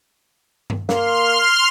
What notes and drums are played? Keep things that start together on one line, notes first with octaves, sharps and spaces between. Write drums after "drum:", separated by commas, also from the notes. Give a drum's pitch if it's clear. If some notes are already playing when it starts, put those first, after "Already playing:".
drum: tom G2
A#3 C6 F6, drum: snare